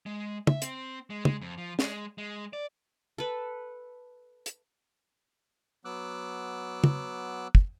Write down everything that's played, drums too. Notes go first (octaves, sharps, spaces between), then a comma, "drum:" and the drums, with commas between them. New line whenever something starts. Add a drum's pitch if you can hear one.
G#3
E5, drum: tom
C4, drum: hi-hat
G#3
G#3, drum: tom
F2
F3
G#3, drum: snare
G#3
D5
A4 B4
drum: hi-hat
F#3 B3 D6 E6 F#6
drum: tom
drum: kick